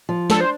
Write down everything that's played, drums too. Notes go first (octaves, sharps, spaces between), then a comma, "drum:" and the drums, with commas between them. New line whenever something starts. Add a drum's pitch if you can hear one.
F3
D4 A4, drum: snare
C5